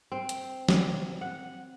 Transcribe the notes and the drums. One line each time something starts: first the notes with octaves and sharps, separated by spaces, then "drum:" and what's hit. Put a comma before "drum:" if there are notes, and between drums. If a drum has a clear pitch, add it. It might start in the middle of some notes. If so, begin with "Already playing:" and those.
C4
drum: hi-hat
drum: snare
F#5